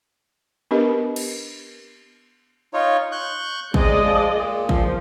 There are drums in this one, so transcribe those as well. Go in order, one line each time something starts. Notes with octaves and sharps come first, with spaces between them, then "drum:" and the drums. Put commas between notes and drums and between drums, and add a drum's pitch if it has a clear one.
B3 D4 G4 A#4 B4 D#5
drum: cymbal
D#4 F4 C#5
C#6 F#6 G6
C3 G#3 D5 D#5, drum: kick
F3
A#2
F3, drum: kick